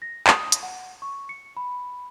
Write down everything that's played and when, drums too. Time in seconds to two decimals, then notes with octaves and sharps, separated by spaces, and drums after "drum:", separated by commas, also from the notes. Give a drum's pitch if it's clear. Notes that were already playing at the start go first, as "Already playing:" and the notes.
0.02 A#6
0.27 D#6, drum: clap
0.52 drum: hi-hat
0.63 F#5
1.02 C#6
1.29 C#7
1.57 B5